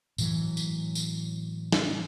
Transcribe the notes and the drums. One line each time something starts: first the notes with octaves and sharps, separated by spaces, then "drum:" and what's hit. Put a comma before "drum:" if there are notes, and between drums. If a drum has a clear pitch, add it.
A2 E3 F#3, drum: tambourine
drum: tambourine
drum: tambourine
drum: snare